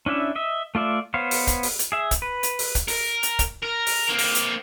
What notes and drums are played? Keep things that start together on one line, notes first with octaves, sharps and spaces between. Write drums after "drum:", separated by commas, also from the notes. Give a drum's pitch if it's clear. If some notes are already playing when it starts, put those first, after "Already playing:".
C#4 D4 E4 E5
D#5 E5
A3 F4 D5 E5
B3 C5 C#5 F5
drum: open hi-hat
drum: kick, hi-hat
drum: open hi-hat
drum: hi-hat
G#4 E5
drum: kick, hi-hat
B4
drum: hi-hat
drum: open hi-hat
drum: kick, hi-hat
A#4, drum: open hi-hat
drum: hi-hat
drum: kick, hi-hat
A#4
drum: open hi-hat
A#3 C4
drum: open hi-hat
drum: hi-hat